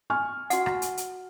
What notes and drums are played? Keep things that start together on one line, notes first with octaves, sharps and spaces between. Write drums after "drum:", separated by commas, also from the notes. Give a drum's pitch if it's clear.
G#5 C#6 F6
F#4 F#5, drum: hi-hat
drum: rim click
drum: hi-hat
drum: hi-hat